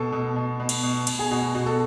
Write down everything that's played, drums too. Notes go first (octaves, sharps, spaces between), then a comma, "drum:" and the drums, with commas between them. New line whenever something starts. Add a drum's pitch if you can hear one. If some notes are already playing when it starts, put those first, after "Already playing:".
Already playing: B2 A4
B2
B2
B2
drum: cymbal
B2
B2, drum: cymbal
G#4
B2 F#4
B2 F#4
A4